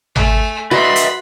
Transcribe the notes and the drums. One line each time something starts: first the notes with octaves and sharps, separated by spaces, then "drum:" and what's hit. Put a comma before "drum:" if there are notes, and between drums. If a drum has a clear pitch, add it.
A3 G#5, drum: tom G#1
F#4 B4 D#5 E5 B5 C6
drum: hi-hat